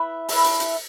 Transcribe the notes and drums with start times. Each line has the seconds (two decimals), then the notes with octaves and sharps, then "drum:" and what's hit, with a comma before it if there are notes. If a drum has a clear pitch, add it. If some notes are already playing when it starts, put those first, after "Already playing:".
Already playing: E4 B4 E5
0.29 E4 B4 E5 A5, drum: open hi-hat
0.44 drum: hi-hat
0.60 drum: hi-hat